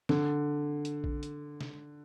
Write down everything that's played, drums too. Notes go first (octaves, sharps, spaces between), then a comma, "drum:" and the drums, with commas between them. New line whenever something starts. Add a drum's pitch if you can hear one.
D3, drum: snare
drum: hi-hat
drum: kick A#1
drum: hi-hat
drum: snare